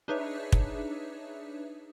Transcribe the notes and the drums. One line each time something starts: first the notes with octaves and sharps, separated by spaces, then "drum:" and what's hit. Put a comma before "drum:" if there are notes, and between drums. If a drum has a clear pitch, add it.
D4 D#4 G#4 B4 C#5 E5
drum: kick